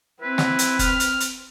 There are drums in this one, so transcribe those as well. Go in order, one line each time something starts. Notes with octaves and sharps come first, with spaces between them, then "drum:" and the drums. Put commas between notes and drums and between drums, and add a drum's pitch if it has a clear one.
C4 E4 B4
drum: snare
drum: hi-hat
F6, drum: kick, hi-hat
drum: hi-hat
drum: hi-hat